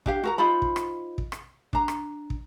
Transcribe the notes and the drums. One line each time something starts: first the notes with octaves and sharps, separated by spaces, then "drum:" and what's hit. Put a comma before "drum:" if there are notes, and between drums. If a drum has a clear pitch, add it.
D4 G4 F5, drum: kick
F#4 A#4 A#5
D#4 F4 C5 B5
drum: kick
drum: rim click
drum: kick
drum: rim click
D4 A#5, drum: kick
drum: rim click
drum: kick